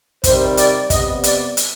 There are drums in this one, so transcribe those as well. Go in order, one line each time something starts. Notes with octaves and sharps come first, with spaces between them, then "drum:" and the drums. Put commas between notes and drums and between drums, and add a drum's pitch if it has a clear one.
C3 D#3 G3 C5, drum: kick, hi-hat
D5, drum: hi-hat
C3 G3 B3 D#5, drum: kick, hi-hat
D5, drum: hi-hat
drum: hi-hat